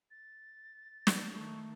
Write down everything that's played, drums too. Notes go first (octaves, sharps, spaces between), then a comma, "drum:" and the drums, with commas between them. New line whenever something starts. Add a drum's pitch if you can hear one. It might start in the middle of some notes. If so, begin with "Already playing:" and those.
A6
drum: snare
D#3 A3 C#6